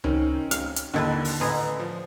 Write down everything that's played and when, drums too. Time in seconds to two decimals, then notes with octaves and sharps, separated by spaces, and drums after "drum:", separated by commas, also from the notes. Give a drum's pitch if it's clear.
0.04 D#3 C4 C#4 D#4, drum: tom C#2
0.51 F5 F6, drum: hi-hat
0.76 drum: hi-hat
0.94 D#2 D3 D#3 E4 B4 A6
1.25 drum: open hi-hat
1.40 A1 F4 G#4 B4 D#5 A#5
1.80 F3